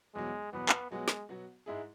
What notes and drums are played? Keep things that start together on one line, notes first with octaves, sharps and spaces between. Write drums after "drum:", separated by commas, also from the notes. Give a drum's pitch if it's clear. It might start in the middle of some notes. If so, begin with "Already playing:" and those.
E2 B2 F#3 G#3
E2 B2 F#3 B3
drum: clap
B2 F#3 G#3 B3 F#4
drum: snare
B2 F#3 B3 F#4
G#2 G#3 E4 G#4